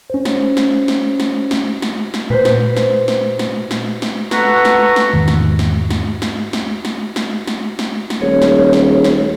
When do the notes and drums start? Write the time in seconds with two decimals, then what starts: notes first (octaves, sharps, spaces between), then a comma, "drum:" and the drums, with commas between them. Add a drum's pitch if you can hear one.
0.10 C#4 C5
0.25 drum: snare
0.57 drum: snare
0.88 drum: snare
1.20 drum: snare
1.51 drum: snare
1.82 drum: snare
2.14 drum: snare
2.30 A#2 B4 C5
2.45 drum: snare
2.77 drum: snare
3.08 drum: snare
3.39 drum: snare
3.71 drum: snare
4.02 drum: snare
4.31 F#4 A4 B4 F#5 A#5 C#6, drum: snare
4.65 drum: snare
4.96 drum: snare
5.13 E2 G#2 D#3
5.28 drum: snare
5.59 drum: snare
5.90 drum: snare
6.22 drum: snare
6.53 drum: snare
6.85 drum: snare
7.16 drum: snare
7.47 drum: snare
7.79 drum: snare
8.10 drum: snare
8.21 D#1 G#4 C#5
8.42 drum: snare
8.73 drum: snare
9.04 drum: snare